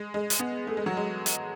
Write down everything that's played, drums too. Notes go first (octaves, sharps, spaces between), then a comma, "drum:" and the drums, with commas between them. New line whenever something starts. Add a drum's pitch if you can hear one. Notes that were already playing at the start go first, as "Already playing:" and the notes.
Already playing: G#3
G#3
drum: hi-hat
B3
A3
G#3
F#3
G#3
drum: hi-hat